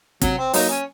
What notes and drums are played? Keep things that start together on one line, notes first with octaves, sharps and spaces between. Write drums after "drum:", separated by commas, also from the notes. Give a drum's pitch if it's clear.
C3 F#3, drum: kick, hi-hat
C4
F#3 A#3 D#4, drum: open hi-hat
C#4